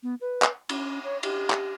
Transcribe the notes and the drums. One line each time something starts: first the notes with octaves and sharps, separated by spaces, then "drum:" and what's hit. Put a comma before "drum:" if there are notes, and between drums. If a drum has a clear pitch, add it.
B3
B4
drum: clap
C#4, drum: cymbal
C#5
G4, drum: cymbal
drum: clap